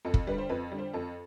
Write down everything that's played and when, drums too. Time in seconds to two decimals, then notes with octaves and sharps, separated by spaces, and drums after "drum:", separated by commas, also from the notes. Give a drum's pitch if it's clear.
0.05 F2 A4
0.14 drum: kick
0.27 D3 G3 B4
0.38 C5
0.49 F2 B4
0.71 D3 G3
0.79 C5
0.93 F2 A4